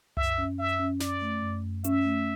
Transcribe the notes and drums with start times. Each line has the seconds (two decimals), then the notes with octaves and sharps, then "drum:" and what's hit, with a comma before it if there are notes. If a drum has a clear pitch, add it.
0.17 F#2 E5, drum: tom C2
0.38 C#4
0.58 F#2 E5
0.79 C#4
1.00 F#2 D5, drum: snare
1.22 A3
1.42 F#2
1.64 F#2
1.84 C#4 E5, drum: hi-hat
2.05 A3